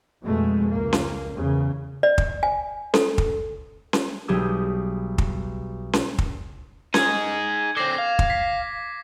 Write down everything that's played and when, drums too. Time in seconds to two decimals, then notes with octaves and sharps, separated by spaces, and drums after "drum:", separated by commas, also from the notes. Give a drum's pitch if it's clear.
0.21 F2 B2 G#3 A3
0.70 C#2 A#3
0.93 drum: snare C#4
1.34 E2 C#3
2.03 D5
2.18 drum: kick
2.43 G#5
2.94 A4, drum: snare C#4
3.18 drum: kick
3.93 drum: snare C#4
4.28 B1 G3 G4 G#4 E6
5.18 drum: kick
5.93 drum: snare C#4
6.18 drum: kick
6.94 D#4 G#4 G#6, drum: snare C#4
7.77 D3 C4 D6 A#6 C7
7.98 F5
8.19 drum: kick
8.30 B6 C7